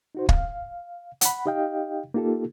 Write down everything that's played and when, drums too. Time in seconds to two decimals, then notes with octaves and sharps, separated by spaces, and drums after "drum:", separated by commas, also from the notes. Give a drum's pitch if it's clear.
0.15 D#4 F#4 C5
0.29 F5, drum: kick
1.21 F#5 B5, drum: hi-hat
1.45 D#4 G4 D#5 F5 G5
2.14 A#3 D#4 F4 G4 A4